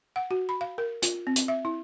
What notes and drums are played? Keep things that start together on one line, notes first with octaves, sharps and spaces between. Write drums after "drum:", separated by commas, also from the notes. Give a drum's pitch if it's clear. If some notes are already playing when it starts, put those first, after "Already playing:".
F#5
F#4
B5
F5
A#4
F4, drum: hi-hat
C4
drum: hi-hat
E5
E4